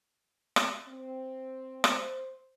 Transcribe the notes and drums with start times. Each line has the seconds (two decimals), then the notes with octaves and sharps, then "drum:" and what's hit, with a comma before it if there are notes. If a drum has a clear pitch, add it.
0.56 drum: rim click
0.87 C4
1.84 C5, drum: rim click